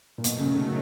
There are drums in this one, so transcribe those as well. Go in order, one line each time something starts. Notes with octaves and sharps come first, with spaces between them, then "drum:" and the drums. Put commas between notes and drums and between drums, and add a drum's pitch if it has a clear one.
A#2
B2 D#3 F#3 A3, drum: hi-hat
C#3
C#3